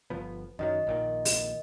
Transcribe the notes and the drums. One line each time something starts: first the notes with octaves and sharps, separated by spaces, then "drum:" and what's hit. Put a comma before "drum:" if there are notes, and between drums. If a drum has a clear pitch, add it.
G1 F3 B3
F#2 D#3 F#3 D#5
A#1 A#2 D#3
drum: open hi-hat